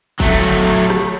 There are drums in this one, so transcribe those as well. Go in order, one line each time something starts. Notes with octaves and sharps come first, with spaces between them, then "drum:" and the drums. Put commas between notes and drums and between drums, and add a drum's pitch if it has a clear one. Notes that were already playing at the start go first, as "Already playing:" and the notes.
F#3 A3, drum: kick, hi-hat
drum: hi-hat
drum: rim click